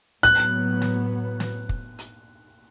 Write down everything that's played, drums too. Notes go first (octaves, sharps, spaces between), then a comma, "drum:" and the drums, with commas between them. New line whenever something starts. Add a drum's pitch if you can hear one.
A2 F#3 B3 F#6, drum: hi-hat
drum: snare
drum: snare
drum: kick
drum: hi-hat